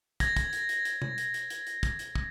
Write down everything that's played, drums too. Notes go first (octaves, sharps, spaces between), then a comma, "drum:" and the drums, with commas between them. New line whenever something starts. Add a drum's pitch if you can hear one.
G#6 A#6, drum: kick, hi-hat
drum: kick, hi-hat
drum: hi-hat
drum: hi-hat
drum: hi-hat
drum: tom B2
drum: hi-hat
drum: hi-hat
drum: hi-hat
drum: hi-hat
drum: kick, hi-hat
drum: hi-hat
drum: kick